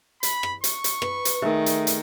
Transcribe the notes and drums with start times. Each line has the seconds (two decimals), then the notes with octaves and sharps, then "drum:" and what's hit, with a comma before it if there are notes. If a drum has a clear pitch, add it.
0.23 B5, drum: hi-hat
0.43 drum: rim click
0.64 C#6, drum: hi-hat
0.84 drum: hi-hat
1.02 B4, drum: rim click
1.25 drum: hi-hat
1.42 D#3 A3 G#4 A#4 E5
1.66 drum: hi-hat
1.87 drum: hi-hat